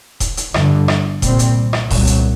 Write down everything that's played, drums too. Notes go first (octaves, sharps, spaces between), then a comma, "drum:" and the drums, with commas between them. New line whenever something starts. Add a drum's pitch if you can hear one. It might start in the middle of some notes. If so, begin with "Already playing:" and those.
drum: kick D#1, hi-hat
drum: hi-hat
G1 G2 D3, drum: rim click
drum: rim click
C2 A#2 G3 C4, drum: kick D#1, hi-hat
drum: hi-hat
drum: rim click
C2 A#2 F#3, drum: kick D#1, open hi-hat
drum: hi-hat